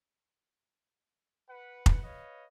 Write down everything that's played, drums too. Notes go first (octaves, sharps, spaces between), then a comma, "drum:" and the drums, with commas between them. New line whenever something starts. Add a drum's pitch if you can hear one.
B4 F#5
drum: kick F1
B4 C#5 D#5 F5